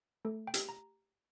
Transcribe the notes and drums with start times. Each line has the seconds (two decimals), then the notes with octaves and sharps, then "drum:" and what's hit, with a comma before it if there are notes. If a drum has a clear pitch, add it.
0.25 A3 A4
0.47 G5
0.54 G4, drum: hi-hat
0.69 A#5